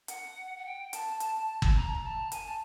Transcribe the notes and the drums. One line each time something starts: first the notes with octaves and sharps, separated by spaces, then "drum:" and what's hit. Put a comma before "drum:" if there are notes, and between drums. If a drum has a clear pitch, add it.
F#5, drum: hi-hat
F#5
G5
A5, drum: hi-hat
A5, drum: hi-hat
drum: kick G1
A#5
A5
G#5, drum: hi-hat
A5